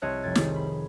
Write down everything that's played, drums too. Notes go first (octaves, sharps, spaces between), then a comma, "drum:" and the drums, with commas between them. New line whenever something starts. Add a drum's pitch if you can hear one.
C2 C4 C#5 D#5 A5 F#6
F1 G4 G#6 A6
D#3 G#4, drum: snare
B5